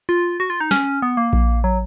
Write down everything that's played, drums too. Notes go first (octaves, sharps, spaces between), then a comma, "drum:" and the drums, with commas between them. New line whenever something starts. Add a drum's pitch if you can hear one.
F4
F#4
F4
D#4
C#4, drum: snare
B3
A#3
drum: kick A#1
F#3